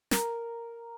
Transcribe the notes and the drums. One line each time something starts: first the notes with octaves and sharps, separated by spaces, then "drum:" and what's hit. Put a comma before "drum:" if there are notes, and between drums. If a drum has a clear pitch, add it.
A#4, drum: snare